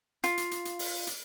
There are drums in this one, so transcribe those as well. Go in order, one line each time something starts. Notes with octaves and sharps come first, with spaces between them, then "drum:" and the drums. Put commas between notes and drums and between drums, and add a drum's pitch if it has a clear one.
F4, drum: hi-hat
drum: hi-hat
drum: hi-hat
drum: hi-hat
drum: open hi-hat
drum: hi-hat